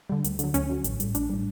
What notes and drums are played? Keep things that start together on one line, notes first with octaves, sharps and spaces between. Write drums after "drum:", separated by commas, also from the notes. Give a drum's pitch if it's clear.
D3 G3
D2, drum: hi-hat
D3 F#3, drum: hi-hat
D2 C#4, drum: hi-hat
D3 F#3
A1, drum: hi-hat
A2 G3, drum: hi-hat
A1 D4, drum: hi-hat
A2 G3